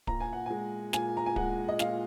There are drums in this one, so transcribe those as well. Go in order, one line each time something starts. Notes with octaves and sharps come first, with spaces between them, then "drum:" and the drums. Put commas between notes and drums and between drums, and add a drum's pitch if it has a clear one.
A#2 A#5, drum: kick D1
G#5
F#5
G#3 G#5
A#2 G#5, drum: snare
A#5
G#5
G#3 F#5, drum: kick D1
D#5
A#2 F5, drum: snare